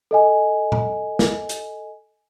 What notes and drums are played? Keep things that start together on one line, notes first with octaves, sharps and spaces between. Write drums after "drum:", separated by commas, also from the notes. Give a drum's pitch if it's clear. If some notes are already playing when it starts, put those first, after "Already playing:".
A4 D#5 G#5
drum: tom A#2
drum: snare
drum: hi-hat